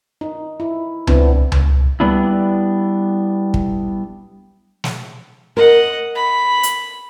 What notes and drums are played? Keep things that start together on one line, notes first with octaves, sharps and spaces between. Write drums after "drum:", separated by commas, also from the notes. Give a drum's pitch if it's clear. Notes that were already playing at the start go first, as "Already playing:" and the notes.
D#4
E4
B3 C4 D4 E4, drum: tom C#2
drum: tom C#2
G3 B3 D4 E4
drum: kick
drum: snare
A#4 D#5 F#5
B5
drum: hi-hat